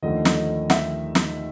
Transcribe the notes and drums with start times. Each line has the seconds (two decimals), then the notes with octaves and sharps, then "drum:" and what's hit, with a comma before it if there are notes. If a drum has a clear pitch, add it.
0.03 D#2 D3 F3 A3 D#5
0.25 drum: snare
0.36 D#5
0.70 E5, drum: snare
1.15 drum: snare